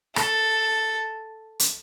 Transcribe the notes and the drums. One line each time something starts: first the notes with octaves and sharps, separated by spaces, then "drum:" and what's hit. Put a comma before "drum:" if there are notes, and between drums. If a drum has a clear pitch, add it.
A4, drum: rim click
drum: hi-hat